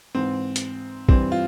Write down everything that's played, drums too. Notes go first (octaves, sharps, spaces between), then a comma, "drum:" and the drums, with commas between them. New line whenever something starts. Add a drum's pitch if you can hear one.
G#2 E3 C4
drum: hi-hat
G2 E3 C4, drum: kick
F4